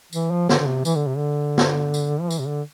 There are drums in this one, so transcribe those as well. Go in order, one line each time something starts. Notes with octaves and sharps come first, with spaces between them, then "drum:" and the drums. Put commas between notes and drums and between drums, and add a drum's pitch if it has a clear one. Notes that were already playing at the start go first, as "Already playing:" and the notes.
E3, drum: tambourine
F3
D3, drum: snare
D3
C3
E3, drum: tambourine
D3
C3
D3
drum: snare
drum: tambourine
F3
E3, drum: tambourine
C3
D3